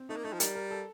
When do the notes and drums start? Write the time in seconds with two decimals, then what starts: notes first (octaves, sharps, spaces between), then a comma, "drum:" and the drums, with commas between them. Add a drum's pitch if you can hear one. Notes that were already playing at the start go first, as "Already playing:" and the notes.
Already playing: C4
0.09 A3 D#4
0.17 A#3
0.24 A3 D#4
0.33 F3
0.40 G3 A#4, drum: hi-hat
0.55 A#4
0.71 A4